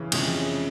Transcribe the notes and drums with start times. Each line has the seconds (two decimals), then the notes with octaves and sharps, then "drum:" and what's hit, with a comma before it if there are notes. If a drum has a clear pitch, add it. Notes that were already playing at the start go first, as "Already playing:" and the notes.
Already playing: C#3 E3
0.12 F2 C3 F3 G#3 C#4, drum: cymbal